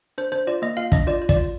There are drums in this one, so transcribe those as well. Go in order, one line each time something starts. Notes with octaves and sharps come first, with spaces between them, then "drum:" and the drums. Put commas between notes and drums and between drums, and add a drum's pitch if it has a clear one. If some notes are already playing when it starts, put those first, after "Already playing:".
D4 C5
D4 C5
F4 D5
A#3 D#5
F4 F5
D4 D#5, drum: kick
F4 D5
F4
D5, drum: kick
F4